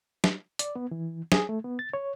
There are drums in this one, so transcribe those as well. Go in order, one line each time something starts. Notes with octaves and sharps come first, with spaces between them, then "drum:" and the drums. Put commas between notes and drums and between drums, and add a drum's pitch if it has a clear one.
drum: snare
D5, drum: hi-hat
B3
E3
G#4, drum: snare
A3
B3
A6
C#5